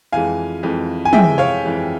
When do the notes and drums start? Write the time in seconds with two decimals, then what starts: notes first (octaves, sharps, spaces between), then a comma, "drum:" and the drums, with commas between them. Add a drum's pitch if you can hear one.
0.12 F2 E3 G#3 F5 G#5
0.63 F2 E3 G#3
1.05 G#5
1.13 F2 E3 G#3 E5 G5, drum: tom
1.38 C#5 F5
1.64 F2 E3 G#3